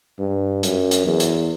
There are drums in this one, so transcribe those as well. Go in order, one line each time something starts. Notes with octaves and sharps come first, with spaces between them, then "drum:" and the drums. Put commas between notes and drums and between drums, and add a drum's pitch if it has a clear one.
G2
F#2, drum: hi-hat
drum: hi-hat
E2
drum: hi-hat